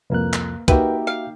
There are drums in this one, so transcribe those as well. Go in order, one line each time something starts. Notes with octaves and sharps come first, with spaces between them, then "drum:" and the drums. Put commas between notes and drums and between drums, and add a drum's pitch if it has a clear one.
C2 F2 A#3 B4 F#6
drum: clap
A#3 D#4 F#4 G4 B4 E5 G5, drum: kick, hi-hat
F5